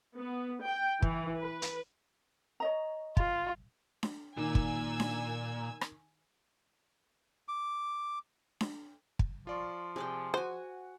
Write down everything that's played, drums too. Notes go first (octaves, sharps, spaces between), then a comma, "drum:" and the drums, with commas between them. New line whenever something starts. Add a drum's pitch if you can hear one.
B3
G5
E3, drum: kick
B4
drum: hi-hat
C#5 D#5 A#5
F4, drum: kick
drum: snare D4
A#2 D#3 G#5 E6 G#6
drum: kick
drum: snare D4
drum: rim click
D6
drum: snare D4
drum: kick
F3 F4 D5 C#6
C3 G#4 D5 G5
F#4 C5 F#5 G#5 C#6